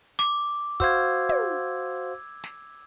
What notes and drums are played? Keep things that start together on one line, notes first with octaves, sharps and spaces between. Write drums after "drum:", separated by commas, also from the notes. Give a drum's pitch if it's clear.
D6, drum: snare
F#4 C5 F5 E6 G#6, drum: kick
drum: tom
drum: snare